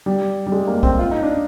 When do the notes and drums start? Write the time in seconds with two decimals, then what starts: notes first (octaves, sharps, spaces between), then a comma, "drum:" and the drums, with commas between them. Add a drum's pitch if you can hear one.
0.06 G3
0.46 G3
0.52 G#3
0.67 A#3
0.83 C4, drum: kick B1
0.99 F4
1.11 D#4
1.23 D4